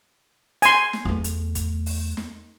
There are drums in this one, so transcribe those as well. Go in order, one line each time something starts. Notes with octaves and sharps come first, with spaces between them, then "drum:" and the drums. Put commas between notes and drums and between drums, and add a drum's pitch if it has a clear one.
G#5 C6, drum: hi-hat
drum: snare
E2 A3
drum: hi-hat
drum: kick, hi-hat
drum: open hi-hat
drum: snare